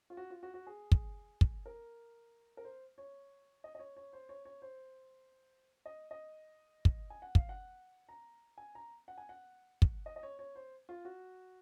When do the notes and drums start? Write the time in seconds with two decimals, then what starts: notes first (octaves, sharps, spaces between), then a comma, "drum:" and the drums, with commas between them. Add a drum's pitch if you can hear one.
0.10 F4
0.17 F#4
0.30 F4
0.43 F#4
0.54 F#4
0.67 G#4
0.92 drum: kick
1.41 drum: kick
1.66 A#4
2.57 A#4
2.65 C5
2.98 C#5
3.64 D#5
3.75 D#5
3.79 C#5
3.96 C#5
4.13 C5
4.29 C#5
4.45 C#5
4.62 C5
5.86 D#5
6.11 D#5
6.85 drum: kick
7.10 G#5
7.22 F#5
7.35 F5, drum: kick
7.49 F#5
8.09 A#5
8.58 G#5
8.75 A#5
9.08 F#5
9.18 G#5
9.29 F#5
9.82 drum: kick
10.06 D#5
10.16 D#5
10.23 C#5
10.39 C#5
10.56 C5
10.89 F4
11.05 F#4